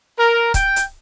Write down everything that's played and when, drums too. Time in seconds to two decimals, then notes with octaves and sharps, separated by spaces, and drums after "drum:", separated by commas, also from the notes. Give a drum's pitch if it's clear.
0.19 A#4
0.54 G5, drum: kick, hi-hat
0.76 drum: hi-hat